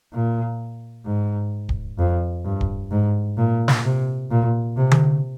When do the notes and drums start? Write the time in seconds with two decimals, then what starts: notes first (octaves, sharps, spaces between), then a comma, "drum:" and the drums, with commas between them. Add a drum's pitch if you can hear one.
0.13 A#2
1.06 G#2
1.69 drum: kick
1.99 F2
2.45 G2
2.61 drum: kick
2.91 G#2
3.37 A#2
3.68 drum: snare
3.84 C3
4.31 A#2
4.76 C3
4.91 drum: tom D3